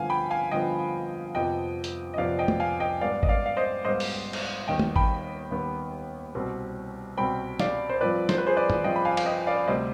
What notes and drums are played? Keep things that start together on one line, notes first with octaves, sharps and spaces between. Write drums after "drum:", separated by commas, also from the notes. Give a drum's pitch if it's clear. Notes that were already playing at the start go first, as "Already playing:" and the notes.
Already playing: G2 D3 F3 B3 F5 G#5
G5 B5
F5 G#5
G2 D3 F3 B3 D#5 G5
F2 C3 F3 B3 D#5 G5
drum: hi-hat
D#5
F2 C3 F3 B3 D5 F5
D#5 G5
drum: tom
F5 G#5
D#5 G5
G#2 G3 B3 D5 F5
D#5, drum: kick G#1
D5 F5
F5
C5 D#5
G#2 G3 B3 C5 D#5
drum: open hi-hat
drum: cymbal
D#2 D#3 G3 B3 D#5 G5
drum: tom
G5 B5, drum: kick G#1
D#2 D#3 G3 B3
C2 B2 G3 C4
C2 B2 G3 C4 G5 B5
D5 F5, drum: snare
C5
G2 F3 C4 B4 D5
C5, drum: snare
B4
G#4 C5
B4 D5
drum: tom G2
G2 F3 C4 D#5 G5
B5
F5 G#5
F5, drum: cymbal
D#5 G5
D5 F5
D2 C3 G3 C5 D#5